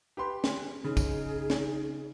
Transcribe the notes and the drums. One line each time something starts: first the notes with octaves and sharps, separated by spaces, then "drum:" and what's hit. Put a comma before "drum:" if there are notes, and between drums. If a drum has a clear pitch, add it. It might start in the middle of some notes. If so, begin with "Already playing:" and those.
G4 B4 C6
drum: snare
C#3 D#4 G#4
drum: kick, tambourine
drum: snare